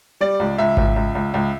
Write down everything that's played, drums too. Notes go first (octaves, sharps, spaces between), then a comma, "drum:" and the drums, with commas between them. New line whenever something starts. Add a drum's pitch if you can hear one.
G3 D5
C#2
C#2 E5
C#2, drum: kick G#1
C#2
C#2
C#2